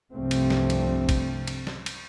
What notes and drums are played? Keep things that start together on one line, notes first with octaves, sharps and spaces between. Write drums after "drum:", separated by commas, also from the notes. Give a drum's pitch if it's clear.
C2 G2 F3 A3 C4
drum: cymbal
drum: snare
drum: cymbal
drum: kick, cymbal
drum: cymbal
drum: snare
drum: cymbal